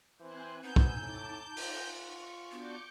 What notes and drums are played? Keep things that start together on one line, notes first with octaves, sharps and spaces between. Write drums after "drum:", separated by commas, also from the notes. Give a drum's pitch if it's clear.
E3 C4 C5 G#5 F#6
B3 D#4 G#5 E6 G6
drum: kick
A2 A5 D6
F4 F#5, drum: open hi-hat
C#6
B3 D4 F#4 D6 G6 C#7